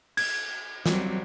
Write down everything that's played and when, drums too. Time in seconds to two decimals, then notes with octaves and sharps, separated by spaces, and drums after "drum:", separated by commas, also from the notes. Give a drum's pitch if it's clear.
0.17 G#6, drum: cymbal
0.86 F#3 G3 C4, drum: snare